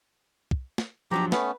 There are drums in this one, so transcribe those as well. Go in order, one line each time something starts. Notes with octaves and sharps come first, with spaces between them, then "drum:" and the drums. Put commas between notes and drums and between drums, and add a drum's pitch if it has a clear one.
drum: kick
drum: snare
F3 F#3 D4 G4 A#5
A3 B3 C#4 B4, drum: snare